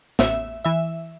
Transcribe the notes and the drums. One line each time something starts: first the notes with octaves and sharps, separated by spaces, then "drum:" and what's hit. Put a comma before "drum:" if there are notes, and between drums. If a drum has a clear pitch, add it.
A1 E5, drum: snare
E3 E5